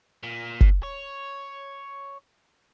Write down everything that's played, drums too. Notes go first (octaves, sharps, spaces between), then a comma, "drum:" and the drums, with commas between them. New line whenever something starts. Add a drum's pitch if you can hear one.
A#2
drum: kick F#1
C#5